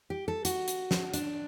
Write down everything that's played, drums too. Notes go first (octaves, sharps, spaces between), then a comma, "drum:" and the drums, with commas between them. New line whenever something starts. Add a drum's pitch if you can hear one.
G4
A4
F#4, drum: hi-hat
drum: hi-hat
drum: snare
D4, drum: hi-hat